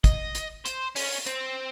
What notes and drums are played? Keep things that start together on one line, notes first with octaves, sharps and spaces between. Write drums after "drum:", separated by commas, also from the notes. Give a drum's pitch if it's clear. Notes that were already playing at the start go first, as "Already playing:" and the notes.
D#5, drum: kick, hi-hat
drum: hi-hat
C5, drum: hi-hat
C#4, drum: open hi-hat
C4, drum: hi-hat